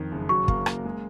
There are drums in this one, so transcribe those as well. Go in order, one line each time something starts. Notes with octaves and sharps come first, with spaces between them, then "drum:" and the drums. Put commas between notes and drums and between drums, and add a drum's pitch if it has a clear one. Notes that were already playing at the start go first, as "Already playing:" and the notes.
Already playing: F2 D#3
F#1
F#3 C#6
A#3, drum: kick
A#3, drum: rim click
G#3